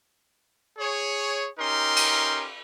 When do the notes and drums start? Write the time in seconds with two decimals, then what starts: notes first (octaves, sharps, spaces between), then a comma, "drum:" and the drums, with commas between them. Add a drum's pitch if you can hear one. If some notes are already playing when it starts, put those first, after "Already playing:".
0.78 G#4 C#5
1.59 C#4 D#4 G4 A#4 C6
1.96 drum: cymbal